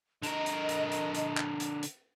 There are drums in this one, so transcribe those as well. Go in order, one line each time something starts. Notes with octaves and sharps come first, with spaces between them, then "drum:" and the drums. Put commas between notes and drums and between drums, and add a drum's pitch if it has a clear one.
D3 A#4 D#5, drum: hi-hat
drum: hi-hat
drum: hi-hat
drum: hi-hat
drum: hi-hat
drum: clap
drum: hi-hat
drum: hi-hat